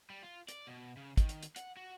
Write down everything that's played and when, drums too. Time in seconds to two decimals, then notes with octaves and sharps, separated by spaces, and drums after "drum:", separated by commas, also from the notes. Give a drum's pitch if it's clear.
0.10 G3
0.22 F4
0.48 D5, drum: hi-hat
0.67 B2
0.97 C#3
1.17 D#3, drum: kick, hi-hat
1.29 drum: hi-hat
1.43 drum: hi-hat
1.56 F#5, drum: hi-hat
1.77 F#4